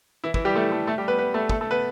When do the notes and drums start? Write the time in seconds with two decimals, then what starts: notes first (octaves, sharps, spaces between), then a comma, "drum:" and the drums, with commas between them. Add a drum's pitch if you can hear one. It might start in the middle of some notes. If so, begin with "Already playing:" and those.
0.24 E3 E4
0.34 E3 E4, drum: kick
0.45 G3 G4
0.55 A3 A4
0.72 A3 A4
0.87 A3 A4
0.98 G3 G4
1.08 B3 B4
1.18 B3 B4
1.34 A3 A4
1.49 A3 A4, drum: kick
1.61 A3 A4
1.71 B3 B4